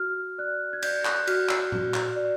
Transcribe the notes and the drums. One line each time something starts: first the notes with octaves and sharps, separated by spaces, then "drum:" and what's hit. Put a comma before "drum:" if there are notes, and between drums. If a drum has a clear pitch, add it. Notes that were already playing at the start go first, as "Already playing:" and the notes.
Already playing: F#4 F6
D5 F#6
G#6
D5 G6, drum: cymbal
F#6, drum: clap
F#4 F6, drum: cymbal
E6, drum: clap
F#4, drum: tom A2
drum: clap
D5